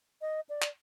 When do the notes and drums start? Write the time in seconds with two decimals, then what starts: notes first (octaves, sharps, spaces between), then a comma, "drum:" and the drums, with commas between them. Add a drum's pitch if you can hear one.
0.21 D#5
0.49 D5
0.62 drum: clap